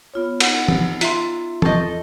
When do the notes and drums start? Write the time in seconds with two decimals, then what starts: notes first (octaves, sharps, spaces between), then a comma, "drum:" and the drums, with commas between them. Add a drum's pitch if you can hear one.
0.14 B3 F4 C#5
0.40 D#4 F#5, drum: cymbal
0.68 drum: tom
1.01 F4 E5 C6, drum: hi-hat
1.62 E2 A4 D#5 C#6 G6, drum: tom